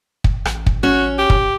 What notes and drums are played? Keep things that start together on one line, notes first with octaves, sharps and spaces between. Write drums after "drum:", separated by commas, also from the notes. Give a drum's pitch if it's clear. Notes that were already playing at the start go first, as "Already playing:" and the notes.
drum: kick
A1, drum: rim click
drum: kick
C#4 F#4
G4
drum: kick